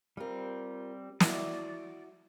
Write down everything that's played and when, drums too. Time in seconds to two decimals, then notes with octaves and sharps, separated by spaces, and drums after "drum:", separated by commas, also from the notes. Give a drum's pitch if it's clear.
0.17 G3 C4 F4 A#4
1.20 E4 F#4 D5 D#5, drum: snare